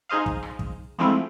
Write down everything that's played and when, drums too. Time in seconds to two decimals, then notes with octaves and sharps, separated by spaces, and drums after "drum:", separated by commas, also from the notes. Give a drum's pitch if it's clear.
0.09 D#4 G#4 C5 D#5 F5
0.26 drum: kick
0.43 drum: rim click
0.59 drum: kick
0.98 F3 G#3 A3 C4 E4 F4